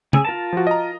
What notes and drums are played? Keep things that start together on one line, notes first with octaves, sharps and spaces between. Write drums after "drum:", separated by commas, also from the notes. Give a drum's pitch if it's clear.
C#3 G#4 E6, drum: tom
F4 A#4 A5
F3 F#4
D#5 A#5